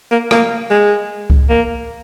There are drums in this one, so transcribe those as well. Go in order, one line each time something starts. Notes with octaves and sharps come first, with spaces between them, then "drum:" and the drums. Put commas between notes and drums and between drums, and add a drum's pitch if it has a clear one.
A#3
A#3, drum: rim click
G#3
drum: kick C#2
A#3